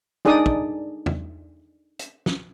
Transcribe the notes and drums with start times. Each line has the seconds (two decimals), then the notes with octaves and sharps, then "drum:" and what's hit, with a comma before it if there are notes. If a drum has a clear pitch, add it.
0.25 D4 D#4 G#4 D5 D#6
0.46 drum: kick
1.06 drum: tom E2
1.99 drum: hi-hat
2.26 drum: snare